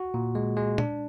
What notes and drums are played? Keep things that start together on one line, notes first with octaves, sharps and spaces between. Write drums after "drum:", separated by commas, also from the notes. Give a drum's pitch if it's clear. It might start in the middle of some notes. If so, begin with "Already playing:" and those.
Already playing: F#4
A#2
G#3
G#3
D4, drum: tom